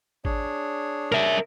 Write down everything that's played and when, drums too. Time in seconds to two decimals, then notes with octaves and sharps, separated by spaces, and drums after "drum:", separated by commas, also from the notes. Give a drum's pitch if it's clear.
0.25 D4 G#4 C#5, drum: kick G#1
1.12 A#4 E5, drum: snare